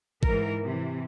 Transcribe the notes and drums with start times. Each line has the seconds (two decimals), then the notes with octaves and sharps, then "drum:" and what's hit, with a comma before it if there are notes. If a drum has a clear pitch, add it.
0.23 G#2 E3 A#4, drum: kick G#1
0.63 C3 E3